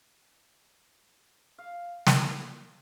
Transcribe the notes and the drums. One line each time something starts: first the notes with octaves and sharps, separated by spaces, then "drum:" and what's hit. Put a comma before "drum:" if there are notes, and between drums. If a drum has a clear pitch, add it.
F5
drum: snare